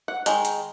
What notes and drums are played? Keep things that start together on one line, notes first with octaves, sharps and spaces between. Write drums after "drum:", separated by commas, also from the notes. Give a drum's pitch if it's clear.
F#5
D#3 G#3, drum: hi-hat
drum: hi-hat